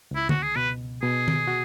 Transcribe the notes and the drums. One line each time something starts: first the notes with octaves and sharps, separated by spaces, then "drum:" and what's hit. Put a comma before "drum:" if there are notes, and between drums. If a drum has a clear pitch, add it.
C#2 E4
F#4, drum: tom D3
G#4
B2 B4
B2 G#4
drum: tom D#3
F#4